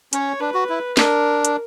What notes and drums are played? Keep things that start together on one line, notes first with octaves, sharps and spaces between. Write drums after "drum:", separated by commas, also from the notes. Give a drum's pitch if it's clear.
C#4 C#5, drum: hi-hat
D4 B4
F#4
E4
D4 A#4, drum: snare
drum: hi-hat